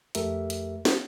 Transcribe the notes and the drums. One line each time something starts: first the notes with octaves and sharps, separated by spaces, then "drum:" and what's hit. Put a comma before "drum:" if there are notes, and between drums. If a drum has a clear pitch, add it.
F2 A3 G4 A#4 E5, drum: hi-hat
drum: hi-hat
drum: snare